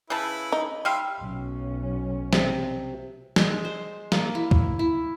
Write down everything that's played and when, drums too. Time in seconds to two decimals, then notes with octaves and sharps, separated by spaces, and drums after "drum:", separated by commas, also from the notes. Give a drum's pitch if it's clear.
0.10 C#3 E4 B4 A5
0.52 D#4
0.85 G3 E5 F5 C6
1.20 B1 C#4
2.33 C3, drum: snare
3.36 G#3, drum: snare
3.65 C5
4.12 A#3, drum: snare
4.35 E4
4.51 drum: kick C#2
4.79 E4